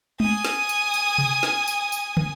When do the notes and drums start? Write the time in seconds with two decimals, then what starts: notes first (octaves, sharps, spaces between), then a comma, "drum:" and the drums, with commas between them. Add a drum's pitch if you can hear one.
0.20 G#5 D#6, drum: tom
0.45 drum: snare
0.69 drum: tambourine
0.94 drum: tambourine
1.18 drum: tom C3
1.43 drum: snare
1.68 drum: tambourine
1.92 drum: tambourine
2.17 drum: tom